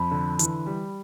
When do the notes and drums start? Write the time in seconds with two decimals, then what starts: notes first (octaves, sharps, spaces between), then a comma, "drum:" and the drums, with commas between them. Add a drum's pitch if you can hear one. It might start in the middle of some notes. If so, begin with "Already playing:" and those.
Already playing: F2 B5
0.11 D3
0.39 E3, drum: hi-hat
0.66 G3